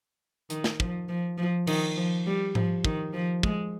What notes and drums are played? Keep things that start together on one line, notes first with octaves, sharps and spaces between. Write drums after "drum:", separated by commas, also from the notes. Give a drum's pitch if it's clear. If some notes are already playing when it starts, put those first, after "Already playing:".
D#3, drum: hi-hat
drum: snare
F3, drum: kick
F3
F3
D#3, drum: cymbal
F3
G3
F3, drum: tom G#2
D#3, drum: kick
F3
G#3, drum: kick